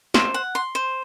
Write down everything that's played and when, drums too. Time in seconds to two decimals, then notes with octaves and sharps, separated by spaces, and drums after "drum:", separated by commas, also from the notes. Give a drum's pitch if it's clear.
0.14 C5, drum: snare
0.34 F#5
0.55 C6
0.75 C5